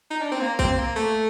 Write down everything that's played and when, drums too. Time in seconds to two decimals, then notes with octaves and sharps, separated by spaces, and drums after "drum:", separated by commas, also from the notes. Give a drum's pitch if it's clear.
0.10 D#4
0.22 D4
0.32 C4
0.41 A#3
0.59 C4, drum: kick A1
0.78 A#3
0.96 A3